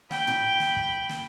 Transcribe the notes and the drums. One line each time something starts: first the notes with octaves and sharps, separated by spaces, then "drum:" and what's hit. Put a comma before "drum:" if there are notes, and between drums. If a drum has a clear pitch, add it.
G5 B5, drum: snare
drum: tom
drum: snare
drum: kick
drum: snare